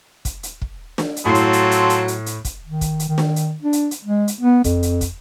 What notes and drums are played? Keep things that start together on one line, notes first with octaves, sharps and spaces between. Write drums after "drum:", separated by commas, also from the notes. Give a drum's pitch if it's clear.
drum: kick, hi-hat
drum: hi-hat
drum: kick
drum: snare
drum: hi-hat
A2 F#3 C4 F4 A4 C7
drum: hi-hat
drum: hi-hat
drum: hi-hat
drum: hi-hat
drum: hi-hat
drum: hi-hat
drum: kick, hi-hat
D#3
drum: kick, hi-hat
drum: hi-hat
D#3
drum: snare
drum: hi-hat
D4
drum: hi-hat
drum: hi-hat
G#3
drum: hi-hat
B3
F2, drum: kick, hi-hat
drum: hi-hat
drum: kick, hi-hat